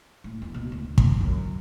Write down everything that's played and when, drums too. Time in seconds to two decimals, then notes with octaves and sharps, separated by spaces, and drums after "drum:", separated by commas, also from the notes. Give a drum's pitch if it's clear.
0.24 A2
0.42 E2
0.54 B2
0.72 D2
0.98 drum: kick
1.21 F#2